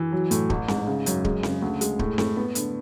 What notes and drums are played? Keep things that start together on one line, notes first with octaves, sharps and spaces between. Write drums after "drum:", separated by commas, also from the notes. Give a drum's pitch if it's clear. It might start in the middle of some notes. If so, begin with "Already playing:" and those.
Already playing: E3
F#3
A2, drum: hi-hat
A1, drum: kick D1
G#2, drum: snare C4
C#3
F#2, drum: hi-hat
G#3, drum: kick D1
C#3, drum: snare C4
D2
G#3, drum: hi-hat
A2, drum: kick D1
A2, drum: snare C4
B3
D3, drum: hi-hat